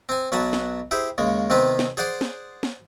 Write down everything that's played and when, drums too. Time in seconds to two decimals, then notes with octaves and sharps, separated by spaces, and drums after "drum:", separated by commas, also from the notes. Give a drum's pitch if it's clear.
0.09 C4 G#5
0.32 B1 F#3 B4 F#5 A5
0.53 drum: snare
0.91 E4 G4 G#4 C5
1.18 D#2 C#3 G#3
1.50 C3 D#3 B3 C4 B4
1.79 drum: snare
1.97 G#4 C5 D5 F#5 C6 D6
2.21 drum: snare
2.63 drum: snare